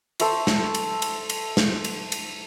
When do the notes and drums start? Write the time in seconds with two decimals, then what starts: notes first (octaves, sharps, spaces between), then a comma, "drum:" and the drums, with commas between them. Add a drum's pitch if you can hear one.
0.20 A4 C5 E5 C#6, drum: cymbal
0.47 drum: snare
0.75 drum: cymbal
1.02 drum: cymbal
1.29 drum: cymbal
1.57 drum: snare
1.84 drum: cymbal
2.12 drum: cymbal